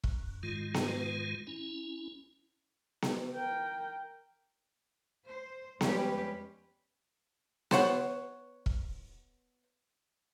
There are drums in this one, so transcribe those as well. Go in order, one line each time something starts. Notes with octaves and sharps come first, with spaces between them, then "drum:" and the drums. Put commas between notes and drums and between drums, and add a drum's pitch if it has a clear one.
F#2, drum: kick
G#2 D#3 G#3 F4
drum: snare B3
C#4 E4
drum: snare B3
A#4 G5
C5
F2 G3 G#3 C#4 G4 B4, drum: snare B3
B3 C5 C#5 F#5, drum: snare B3
drum: kick